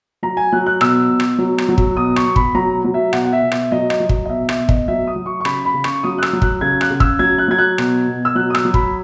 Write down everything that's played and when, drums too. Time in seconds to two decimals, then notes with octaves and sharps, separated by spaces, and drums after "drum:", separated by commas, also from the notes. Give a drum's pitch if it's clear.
0.23 F#3 A#5
0.37 G#5
0.52 F#3 F#6
0.66 F#6
0.81 B2 E6, drum: rim click
1.10 B2
1.20 drum: rim click
1.38 F#3
1.58 drum: rim click
1.69 F#3
1.78 drum: kick
1.97 B2 D#6
2.16 C#6, drum: rim click
2.26 B2
2.36 B5, drum: kick
2.55 F#3 A#5
2.84 F#3
2.94 E5
3.13 B2 F#5, drum: rim click
3.25 F#5
3.33 E5
3.42 B2
3.52 E5, drum: rim click
3.72 F#3 D#5
3.90 D#5, drum: rim click
4.00 F#3
4.09 D#5, drum: kick
4.26 D#5
4.29 B2 E5
4.49 E5, drum: rim click
4.58 B2
4.69 D#5, drum: kick
4.88 F#3 E5
5.07 D#6
5.16 F#3
5.26 C#6
5.40 C#6
5.45 C#3 B5, drum: rim click
5.65 B5
5.74 C#3
5.84 C#6, drum: rim click
6.04 F#3 D#6
6.18 F#6
6.23 E6, drum: rim click
6.33 F#3
6.42 F#6, drum: kick
6.61 C#3 G#6
6.81 F#6, drum: rim click
6.91 C#3
7.00 E6, drum: kick
7.19 F#3 G#6
7.38 F#6
7.48 F#3 G#6
7.58 F#6
7.78 B2, drum: rim click
8.07 B2
8.25 E6
8.35 F#3 F#6
8.50 D#6
8.55 E6, drum: rim click
8.65 F#3
8.74 B5, drum: kick